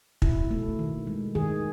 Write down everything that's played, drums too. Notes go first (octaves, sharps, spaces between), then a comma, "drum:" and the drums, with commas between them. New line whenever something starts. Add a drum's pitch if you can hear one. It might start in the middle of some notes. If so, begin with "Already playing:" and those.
B2 E4, drum: kick
A3
D#3
G#3
D#3 G#4